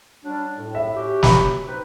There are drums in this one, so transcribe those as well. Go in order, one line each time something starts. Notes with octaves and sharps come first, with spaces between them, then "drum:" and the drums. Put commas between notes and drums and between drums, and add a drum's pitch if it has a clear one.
F#3 G3 D4
A2
E5
C#4 F#4 G4
B5, drum: snare
C4 D#4 B4